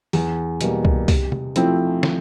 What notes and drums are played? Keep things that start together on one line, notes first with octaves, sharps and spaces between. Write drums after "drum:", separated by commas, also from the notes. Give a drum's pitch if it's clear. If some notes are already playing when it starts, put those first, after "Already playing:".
E2, drum: open hi-hat
B2 G3 A#3, drum: hi-hat
drum: kick C2
C3, drum: kick C2, open hi-hat
drum: tom C3
F3 A3 C4 E4, drum: hi-hat
drum: snare